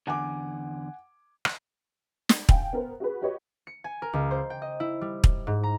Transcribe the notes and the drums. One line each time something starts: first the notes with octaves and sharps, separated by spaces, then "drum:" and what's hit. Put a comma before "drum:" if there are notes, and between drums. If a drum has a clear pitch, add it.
E2 D3 F#5 G#5 D6
drum: rim click
drum: snare
F5 G5 G#5, drum: kick
B3 A#4 C5
F#4 G#4 B4
F#4 G4 B4 C#5 D#5
C#7
G#5
A#4
C#2
C5
G5
D#5
E4
G3
drum: kick
G#2
A#5